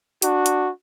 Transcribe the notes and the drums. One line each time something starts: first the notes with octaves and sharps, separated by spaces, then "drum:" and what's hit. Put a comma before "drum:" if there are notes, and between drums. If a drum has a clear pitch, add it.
D4 F#4, drum: hi-hat
drum: hi-hat